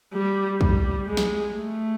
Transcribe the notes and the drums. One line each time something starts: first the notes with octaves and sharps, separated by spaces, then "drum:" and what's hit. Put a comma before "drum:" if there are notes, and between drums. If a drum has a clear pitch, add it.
G3
G3, drum: kick
G#3
drum: snare
A3